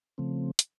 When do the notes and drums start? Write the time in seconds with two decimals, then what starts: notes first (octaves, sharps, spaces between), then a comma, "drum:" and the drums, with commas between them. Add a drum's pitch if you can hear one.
0.18 C#3 F3 A3 C4
0.59 drum: hi-hat